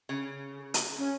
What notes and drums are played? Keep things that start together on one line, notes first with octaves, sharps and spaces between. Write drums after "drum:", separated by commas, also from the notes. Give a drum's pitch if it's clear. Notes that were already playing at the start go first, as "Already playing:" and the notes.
C#3
drum: hi-hat
C#4